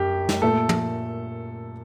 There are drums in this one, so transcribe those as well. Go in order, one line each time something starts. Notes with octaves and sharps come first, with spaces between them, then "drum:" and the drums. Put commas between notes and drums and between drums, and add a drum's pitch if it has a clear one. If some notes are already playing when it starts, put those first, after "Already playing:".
Already playing: F#2 G4
drum: snare
A#2 A3 A4
drum: tom